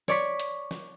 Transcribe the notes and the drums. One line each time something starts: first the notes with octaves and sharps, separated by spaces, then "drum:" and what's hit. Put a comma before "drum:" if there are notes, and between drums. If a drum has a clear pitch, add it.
C#5 D5 C#6 B6, drum: snare
drum: hi-hat
drum: snare